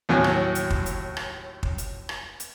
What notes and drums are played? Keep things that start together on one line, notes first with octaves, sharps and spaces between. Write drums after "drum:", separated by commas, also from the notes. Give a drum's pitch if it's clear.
D#2 A2 F#3 G#5
drum: rim click
drum: hi-hat
drum: kick
drum: hi-hat
drum: rim click
drum: kick
drum: hi-hat
drum: rim click
drum: hi-hat